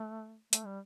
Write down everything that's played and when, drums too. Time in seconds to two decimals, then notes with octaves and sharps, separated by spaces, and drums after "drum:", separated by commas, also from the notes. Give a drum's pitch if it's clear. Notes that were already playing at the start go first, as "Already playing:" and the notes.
Already playing: A3
0.53 A3, drum: hi-hat
0.66 G3